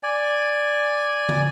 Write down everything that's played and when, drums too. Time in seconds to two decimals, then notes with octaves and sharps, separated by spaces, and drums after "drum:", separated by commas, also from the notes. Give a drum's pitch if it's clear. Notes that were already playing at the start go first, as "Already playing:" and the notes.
0.03 D5 G#5
1.29 drum: tom